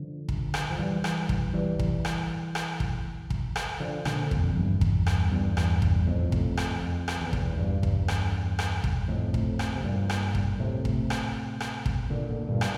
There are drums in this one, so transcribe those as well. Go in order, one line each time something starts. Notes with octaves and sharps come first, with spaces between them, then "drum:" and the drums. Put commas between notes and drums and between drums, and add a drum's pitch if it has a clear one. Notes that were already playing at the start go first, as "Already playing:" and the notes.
Already playing: D3 F3
drum: kick
drum: rim click
F3
E3 G3
drum: rim click
drum: kick
E3 G3
drum: kick
drum: rim click
drum: rim click
drum: kick
drum: kick
drum: rim click
D3 F3
A#2 D3, drum: rim click
F2, drum: kick
E2 G2
drum: kick
drum: rim click
E2 G2
drum: rim click
drum: kick
F2 A2
drum: kick
drum: rim click
F2
drum: rim click
E2
drum: kick
A2
E2 G2
drum: kick
drum: rim click
drum: rim click
drum: kick
F2 A2
drum: kick
drum: rim click
C3
G2 A#2
drum: rim click
drum: kick
A2 C3
drum: kick
drum: rim click
drum: rim click
drum: kick
A#2 D3
A#2 D3
G2 A#2
drum: rim click